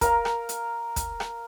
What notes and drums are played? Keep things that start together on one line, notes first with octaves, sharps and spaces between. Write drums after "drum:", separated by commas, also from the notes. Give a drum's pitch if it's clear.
A#4 F5 A#5, drum: kick, hi-hat
drum: rim click
drum: hi-hat
drum: kick, hi-hat
drum: rim click